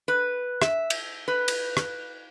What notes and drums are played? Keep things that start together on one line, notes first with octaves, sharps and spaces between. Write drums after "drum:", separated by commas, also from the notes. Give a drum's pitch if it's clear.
B4
E5, drum: rim click
drum: cymbal
B4
drum: cymbal
drum: rim click